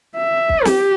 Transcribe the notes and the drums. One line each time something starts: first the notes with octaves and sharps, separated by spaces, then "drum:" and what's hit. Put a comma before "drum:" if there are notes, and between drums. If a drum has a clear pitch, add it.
E5
drum: kick
G4, drum: snare